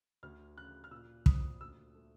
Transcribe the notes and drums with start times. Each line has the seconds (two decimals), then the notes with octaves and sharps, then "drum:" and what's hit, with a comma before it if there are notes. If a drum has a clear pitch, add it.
0.23 D2 F6
0.57 C#3 F#6
0.84 F6
0.91 A#2 E6
1.26 C4 D#6, drum: kick
1.61 D2 E6
1.94 A3